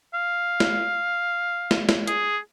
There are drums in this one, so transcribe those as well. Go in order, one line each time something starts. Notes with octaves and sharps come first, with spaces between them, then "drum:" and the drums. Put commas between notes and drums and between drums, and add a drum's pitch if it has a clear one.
F5
drum: snare
drum: snare
drum: snare
G#4, drum: hi-hat